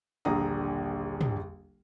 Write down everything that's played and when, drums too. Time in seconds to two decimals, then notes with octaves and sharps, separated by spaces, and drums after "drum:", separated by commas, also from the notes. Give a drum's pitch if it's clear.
0.25 D#1 A#1 D3 A#5 D#6
1.21 drum: tom